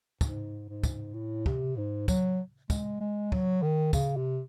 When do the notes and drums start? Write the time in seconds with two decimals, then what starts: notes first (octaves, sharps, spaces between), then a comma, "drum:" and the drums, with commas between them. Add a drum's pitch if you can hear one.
0.21 G#2, drum: kick, tambourine
0.69 G#2
0.83 drum: kick, tambourine
1.14 A2
1.46 C3, drum: kick
1.77 G#2
2.08 F#3, drum: kick, tambourine
2.70 G#3, drum: kick, tambourine
3.00 G#3
3.32 F#3, drum: kick
3.62 D#3
3.93 C#3, drum: kick, tambourine
4.16 C3